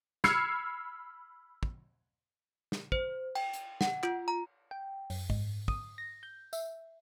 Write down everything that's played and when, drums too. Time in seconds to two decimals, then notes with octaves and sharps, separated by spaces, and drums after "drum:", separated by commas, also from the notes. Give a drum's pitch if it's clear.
0.24 B5 E6 F6 G#6 C7 C#7, drum: snare
1.63 drum: kick
2.72 drum: snare
2.92 C5, drum: kick
3.35 G5, drum: cymbal
3.53 drum: hi-hat
3.81 F#5, drum: snare
4.03 F4, drum: clap
4.28 A#5
4.71 G5
5.10 F#2, drum: open hi-hat
5.30 G#2, drum: kick
5.68 D#6, drum: kick
5.98 A#6
6.23 G6
6.53 E5, drum: tambourine